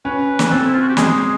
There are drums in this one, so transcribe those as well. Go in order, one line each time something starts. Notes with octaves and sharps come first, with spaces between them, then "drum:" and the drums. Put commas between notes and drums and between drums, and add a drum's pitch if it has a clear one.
C#4 B4
drum: snare
C4 A4
E4
F4
F#4
G4
G#3 G#4, drum: snare